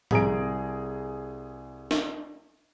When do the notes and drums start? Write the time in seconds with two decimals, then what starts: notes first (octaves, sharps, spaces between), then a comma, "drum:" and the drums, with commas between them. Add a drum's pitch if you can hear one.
0.11 C2 G#4 A#5 D7, drum: tom G#2
1.91 drum: snare